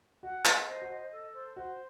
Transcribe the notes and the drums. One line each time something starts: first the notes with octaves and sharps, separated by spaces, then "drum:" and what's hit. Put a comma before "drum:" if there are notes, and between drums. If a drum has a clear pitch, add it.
F#4 F#5
D#5, drum: clap
C5
F#4
D#5
A4
C5
F#4 C5